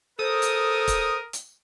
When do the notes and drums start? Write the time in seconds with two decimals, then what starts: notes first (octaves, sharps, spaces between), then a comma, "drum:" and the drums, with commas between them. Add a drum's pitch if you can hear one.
0.19 A4 A#4 C5 D#6
0.42 drum: hi-hat
0.88 drum: kick, hi-hat
1.33 drum: hi-hat